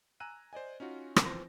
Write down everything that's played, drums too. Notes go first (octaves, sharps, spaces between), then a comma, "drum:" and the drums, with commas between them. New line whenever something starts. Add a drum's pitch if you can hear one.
G#5 A#5 E6 F#6 D#7
C5 D5 D#5 G#5
C#4 D#4 F4 F#4
drum: rim click
E3 F3 C4 C5 C6 A#6